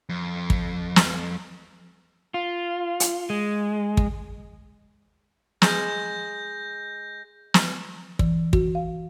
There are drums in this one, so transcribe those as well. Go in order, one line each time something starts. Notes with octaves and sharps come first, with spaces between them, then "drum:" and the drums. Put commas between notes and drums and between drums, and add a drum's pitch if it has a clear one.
F2
drum: kick
drum: snare
F4
drum: hi-hat
G#3
drum: kick
G#3 G6 A#6, drum: snare
drum: snare
E3, drum: kick
F#4, drum: kick
F5